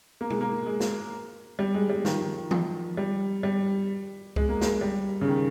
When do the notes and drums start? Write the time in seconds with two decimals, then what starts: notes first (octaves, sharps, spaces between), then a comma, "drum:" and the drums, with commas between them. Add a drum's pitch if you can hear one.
0.21 A#3
0.30 G#3, drum: tom
0.41 A#3
0.66 G#3
0.80 drum: snare
1.59 G3
1.74 G#3
1.90 G3
2.05 D#3, drum: snare
2.14 F3
2.22 D#3
2.51 F3, drum: tom E3
2.97 G3
3.43 G3
4.36 G#3, drum: kick C#2
4.49 A#3
4.61 G#3, drum: snare
4.81 G3
5.21 C#3
5.27 D#3